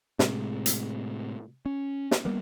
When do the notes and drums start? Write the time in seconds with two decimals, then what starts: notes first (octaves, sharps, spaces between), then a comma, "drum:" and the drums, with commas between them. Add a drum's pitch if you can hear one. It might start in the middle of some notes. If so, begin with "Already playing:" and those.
0.19 A2 C3 G#3, drum: snare
0.66 drum: hi-hat
1.66 C#4
2.11 drum: snare
2.25 G3 A#3 B3